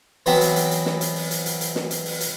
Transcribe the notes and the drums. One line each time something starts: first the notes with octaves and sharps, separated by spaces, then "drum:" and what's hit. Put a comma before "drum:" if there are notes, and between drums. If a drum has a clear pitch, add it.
E3 F#3 B3 C4 E5, drum: open hi-hat
drum: hi-hat
drum: hi-hat
drum: hi-hat
drum: snare
drum: hi-hat
drum: open hi-hat
drum: hi-hat
drum: hi-hat
drum: hi-hat
drum: snare
drum: hi-hat
drum: open hi-hat
drum: hi-hat